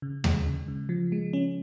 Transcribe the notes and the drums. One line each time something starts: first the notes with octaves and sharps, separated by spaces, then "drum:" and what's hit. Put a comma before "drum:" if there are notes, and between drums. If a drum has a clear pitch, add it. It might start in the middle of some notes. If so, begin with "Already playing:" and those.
C#3
G#3, drum: tom D#2
C#3
C#3
F3
G#3
C#4